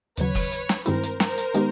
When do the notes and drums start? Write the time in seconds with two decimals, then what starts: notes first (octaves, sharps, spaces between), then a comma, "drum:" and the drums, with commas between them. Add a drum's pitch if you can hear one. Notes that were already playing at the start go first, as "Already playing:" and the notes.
0.17 D#2 C#3 F#3 B4 C#5, drum: hi-hat
0.35 drum: kick, open hi-hat
0.52 drum: hi-hat
0.69 drum: snare
0.86 G2 D#3 G#3 C4 E4 A#4 C5, drum: hi-hat
1.03 drum: hi-hat
1.20 A#4 C5, drum: snare
1.38 drum: hi-hat
1.54 D#3 G#3 B3 D#4 G4, drum: hi-hat